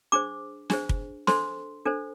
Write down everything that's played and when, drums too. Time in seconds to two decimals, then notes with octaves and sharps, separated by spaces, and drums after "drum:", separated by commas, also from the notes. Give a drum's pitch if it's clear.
0.12 D4 G#4 C5 D6
0.70 D4 G#4 C5, drum: snare
0.89 drum: kick
1.27 D4 A4 C5 C6, drum: snare
1.85 D4 A4 C5